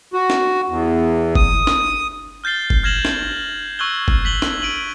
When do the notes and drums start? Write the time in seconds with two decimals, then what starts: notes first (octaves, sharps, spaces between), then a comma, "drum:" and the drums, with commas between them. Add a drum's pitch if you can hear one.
0.13 F#4
0.30 drum: snare
0.69 E2
1.35 D#6, drum: kick F#1
1.67 drum: snare
2.44 F6 G6 A6 C7 G7
2.70 drum: kick F#1
2.83 F6 G#6 A#6 E7 F#7 G7
3.05 drum: snare
3.79 C#6 E6 F#6 G#6 G7
4.08 drum: kick F#1
4.25 B6 F#7 G7
4.42 drum: snare
4.62 D7 D#7 F#7